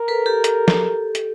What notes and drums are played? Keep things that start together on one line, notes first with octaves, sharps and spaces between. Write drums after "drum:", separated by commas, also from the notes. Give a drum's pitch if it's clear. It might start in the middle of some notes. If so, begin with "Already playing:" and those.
Already playing: A#4
A4 B4
G4 A4
drum: hi-hat
drum: snare
drum: hi-hat